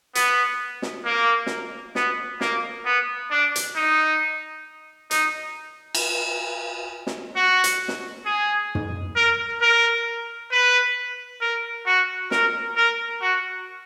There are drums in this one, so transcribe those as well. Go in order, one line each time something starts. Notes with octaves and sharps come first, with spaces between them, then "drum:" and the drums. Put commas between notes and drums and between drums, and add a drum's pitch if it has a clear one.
B3, drum: hi-hat
drum: snare
A#3
drum: snare
B3, drum: snare
A#3, drum: snare
B3
D4
drum: hi-hat
D#4
D#4, drum: hi-hat
drum: cymbal
drum: snare
F#4
drum: hi-hat
drum: snare
G#4
drum: tom
A#4
A#4
B4
A#4
F#4
A#4, drum: snare
A#4
F#4